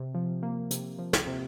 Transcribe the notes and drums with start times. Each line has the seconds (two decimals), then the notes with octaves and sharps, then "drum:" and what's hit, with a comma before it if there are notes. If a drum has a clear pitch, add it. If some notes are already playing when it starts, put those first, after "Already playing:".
Already playing: C3
0.15 F3
0.43 A#3
0.71 C3, drum: hi-hat
0.99 F3
1.13 drum: snare
1.27 C3